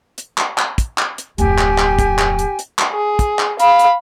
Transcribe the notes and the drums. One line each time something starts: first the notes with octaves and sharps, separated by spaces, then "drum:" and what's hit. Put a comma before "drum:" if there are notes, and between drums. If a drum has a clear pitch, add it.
drum: hi-hat
drum: clap
drum: clap
drum: kick, hi-hat
drum: clap
drum: hi-hat
D1 F2 G4 G5 G#5, drum: hi-hat
drum: clap
drum: clap
drum: kick, hi-hat
drum: clap
drum: hi-hat
drum: hi-hat
drum: clap
G#4
drum: kick, hi-hat
drum: clap
F5 B5, drum: hi-hat
drum: hi-hat